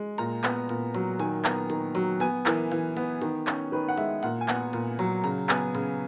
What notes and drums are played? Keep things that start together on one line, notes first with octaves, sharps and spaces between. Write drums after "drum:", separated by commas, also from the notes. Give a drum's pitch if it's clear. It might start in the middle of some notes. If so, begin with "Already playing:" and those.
Already playing: G#3
A#2 A#5, drum: hi-hat
B3, drum: clap
A#2, drum: hi-hat
F#3, drum: hi-hat
D#3 G#5, drum: hi-hat
B3 A#5, drum: clap
D#3, drum: hi-hat
F#3, drum: hi-hat
B3 G#5, drum: hi-hat
E3 A#4, drum: clap
E3, drum: hi-hat
B3, drum: hi-hat
D#3, drum: hi-hat
C#4, drum: clap
D#3 B4
F#5
G#3 E5, drum: hi-hat
A#2 F#5, drum: hi-hat
G#5
B3 F#5, drum: clap
A#2, drum: hi-hat
F#3, drum: hi-hat
C#3 A#5, drum: hi-hat
B3 G#5, drum: clap
C#3, drum: hi-hat